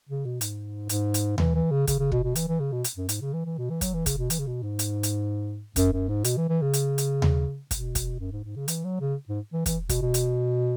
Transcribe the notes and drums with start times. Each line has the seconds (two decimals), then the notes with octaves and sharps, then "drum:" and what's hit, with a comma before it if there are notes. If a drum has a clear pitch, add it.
0.09 C#3
0.25 B2
0.41 G#2, drum: hi-hat
0.89 G#2, drum: hi-hat
1.14 drum: hi-hat
1.38 E3, drum: tom D#2
1.55 E3
1.71 C#3
1.87 C#3, drum: kick, hi-hat
1.99 C#3
2.12 B2, drum: kick
2.24 B2
2.35 E3, drum: hi-hat
2.48 E3
2.60 C#3
2.72 B2
2.84 drum: hi-hat
2.97 F#2
3.09 G#2, drum: hi-hat
3.21 C#3
3.33 E3
3.45 E3
3.57 B2
3.70 E3
3.81 F#3, drum: kick, hi-hat
3.94 E3
4.06 C#3, drum: kick, hi-hat
4.18 B2
4.30 E3, drum: hi-hat
4.39 C#3
4.47 B2
4.63 G#2
4.79 drum: hi-hat
5.03 drum: hi-hat
5.76 F#2, drum: kick, hi-hat
5.93 F#2
6.08 G#2
6.24 B2, drum: hi-hat
6.37 E3
6.49 E3
6.62 C#3
6.73 drum: hi-hat
6.98 drum: hi-hat
7.22 drum: tom D#2
7.71 B2, drum: kick, hi-hat
7.95 drum: kick, hi-hat
8.19 F#2
8.32 G#2
8.44 G#2
8.56 C#3
8.68 E3, drum: hi-hat
8.84 F#3
9.00 C#3
9.28 G#2
9.53 E3
9.66 E3, drum: kick, hi-hat
9.89 B2, drum: kick, hi-hat
10.02 B2
10.14 drum: hi-hat